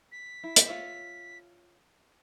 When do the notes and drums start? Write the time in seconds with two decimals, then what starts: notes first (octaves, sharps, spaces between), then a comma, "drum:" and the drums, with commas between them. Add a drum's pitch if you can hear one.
0.12 B6
0.44 E4
0.56 drum: hi-hat
0.68 F4 C#5 E5